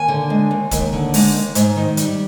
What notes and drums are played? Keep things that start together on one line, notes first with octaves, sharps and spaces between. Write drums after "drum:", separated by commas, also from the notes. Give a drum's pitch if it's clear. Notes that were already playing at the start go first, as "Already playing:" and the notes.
Already playing: D#2 G#5
D3
G#3
D#2
D#2, drum: kick, hi-hat
D3
G#3, drum: open hi-hat
D#2
G#2, drum: hi-hat
D#3
G3, drum: hi-hat